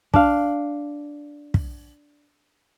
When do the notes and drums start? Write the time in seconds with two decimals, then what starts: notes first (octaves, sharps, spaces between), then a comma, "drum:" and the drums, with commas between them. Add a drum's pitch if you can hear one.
0.14 D4 F5, drum: kick
1.54 drum: kick